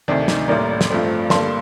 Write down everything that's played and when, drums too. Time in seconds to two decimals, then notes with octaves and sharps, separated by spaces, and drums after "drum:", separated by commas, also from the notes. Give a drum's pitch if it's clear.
0.08 D2 C3 D#3 D4
0.28 D#4, drum: snare
0.48 A1 A2 G3 A#3 A#4 D5
0.81 drum: snare
0.90 G2 F3 A3 C4
1.30 G2 D3 G3 A#3 A5 C6, drum: snare